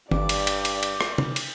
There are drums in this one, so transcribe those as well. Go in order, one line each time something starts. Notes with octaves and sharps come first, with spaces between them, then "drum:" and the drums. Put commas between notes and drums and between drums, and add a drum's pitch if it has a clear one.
G1 G2 D5 D6, drum: tom D#3
drum: cymbal
drum: cymbal
drum: cymbal
drum: cymbal
drum: rim click
drum: tom C3
drum: cymbal